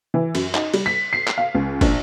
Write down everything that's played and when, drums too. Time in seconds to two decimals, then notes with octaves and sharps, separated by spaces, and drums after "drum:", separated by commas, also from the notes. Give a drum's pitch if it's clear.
0.14 E3
0.35 F#2, drum: cymbal
0.55 D#4, drum: clap
0.74 G3, drum: cymbal
0.86 B6
1.13 C7
1.27 drum: clap
1.38 F5
1.55 C#2
1.81 A#1, drum: kick, cymbal